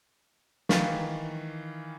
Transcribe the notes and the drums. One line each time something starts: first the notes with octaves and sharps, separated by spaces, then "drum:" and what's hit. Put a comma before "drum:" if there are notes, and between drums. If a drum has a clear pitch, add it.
D#3 E3 F5 C#6 A6 B6, drum: snare